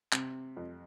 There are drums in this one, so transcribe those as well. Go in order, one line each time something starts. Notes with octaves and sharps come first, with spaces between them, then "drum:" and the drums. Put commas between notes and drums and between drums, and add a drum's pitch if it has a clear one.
C3, drum: clap
F2